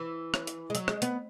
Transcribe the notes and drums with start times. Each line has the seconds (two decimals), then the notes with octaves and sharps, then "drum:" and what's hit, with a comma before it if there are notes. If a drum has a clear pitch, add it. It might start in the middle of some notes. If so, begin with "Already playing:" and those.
Already playing: E3
0.34 drum: rim click
0.47 drum: hi-hat
0.70 G#3
0.75 F#3, drum: hi-hat
0.88 G#3, drum: rim click
1.02 B3, drum: hi-hat